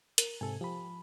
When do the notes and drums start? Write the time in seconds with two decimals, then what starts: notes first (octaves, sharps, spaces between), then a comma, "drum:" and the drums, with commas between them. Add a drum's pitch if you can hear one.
0.18 A#4, drum: hi-hat
0.41 G#2 C3 A4 G#5
0.61 F3 G4 B5